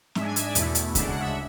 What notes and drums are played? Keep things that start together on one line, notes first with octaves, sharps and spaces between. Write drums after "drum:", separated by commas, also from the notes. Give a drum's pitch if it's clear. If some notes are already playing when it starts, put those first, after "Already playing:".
G#2 G#3 D4 E5, drum: snare C4
G#5
E5, drum: hi-hat
D5
E2 B2 A3 E4, drum: hi-hat
drum: hi-hat
D2 C#3 G#3 D4 E5, drum: kick D2, hi-hat
F#5
E5